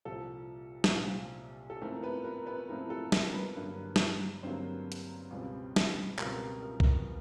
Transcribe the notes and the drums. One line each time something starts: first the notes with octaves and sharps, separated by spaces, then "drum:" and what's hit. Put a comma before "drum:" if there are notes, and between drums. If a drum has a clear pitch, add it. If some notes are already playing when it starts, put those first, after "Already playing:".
C2 A#2 F3 A4
drum: snare
C2 A#2 F3
A4
G#2 F3 A3 C4 E4 A#4
B3 B4
A#4
B3 B4
G#2 F3 A3 C4 E4 A#4
A4
A#4, drum: snare
B3 B4
G2 D3 F#3 A#3
drum: snare
G2 D3 F#3 A#3 C4 C5
drum: hi-hat
C#2 B2 G3 C4
drum: snare
C#2 B2 G3 C4 A#4, drum: clap
A#4
drum: kick